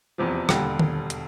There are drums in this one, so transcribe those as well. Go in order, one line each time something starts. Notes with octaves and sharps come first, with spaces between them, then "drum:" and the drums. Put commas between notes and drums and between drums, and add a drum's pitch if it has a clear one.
F1 E2 C3 F3
E1 D#2 D3 G3, drum: rim click
drum: tom D#3
drum: hi-hat